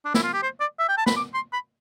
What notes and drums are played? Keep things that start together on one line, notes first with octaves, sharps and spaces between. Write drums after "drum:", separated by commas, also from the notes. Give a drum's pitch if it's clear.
D4
E4, drum: snare
F4
G4
C5
D5
E5
G5
A5
B5, drum: snare
D6
C6
B5